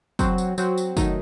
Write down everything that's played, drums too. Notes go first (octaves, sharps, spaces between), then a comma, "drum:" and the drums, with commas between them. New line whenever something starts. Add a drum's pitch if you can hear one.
F#3 C4 F#4 C5, drum: kick, tambourine
drum: tambourine
F#3 C4 F#4 C5, drum: tambourine
drum: tambourine
D#3 F#3 A3 D#4, drum: kick, tambourine